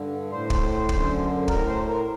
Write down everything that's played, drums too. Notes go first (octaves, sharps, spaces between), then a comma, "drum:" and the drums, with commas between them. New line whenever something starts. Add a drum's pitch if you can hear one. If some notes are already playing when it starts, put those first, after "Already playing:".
Already playing: G2 D3
A2 C5
drum: kick
F#2 D3, drum: kick
A2 A#4, drum: kick
C5
A#4